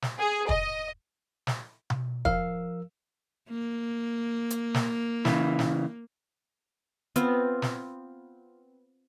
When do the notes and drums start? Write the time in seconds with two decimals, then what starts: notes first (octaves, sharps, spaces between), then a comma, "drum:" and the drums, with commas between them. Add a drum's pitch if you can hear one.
0.02 drum: snare
0.19 G#4
0.49 D#5, drum: kick
1.47 drum: snare
1.90 drum: tom B2
2.25 F3 A#4 F5 E6, drum: kick
3.49 A#3
4.50 drum: hi-hat
4.74 drum: snare
5.25 C#3 E3, drum: snare
5.59 drum: snare
7.16 B3 C4 F4, drum: hi-hat
7.62 drum: snare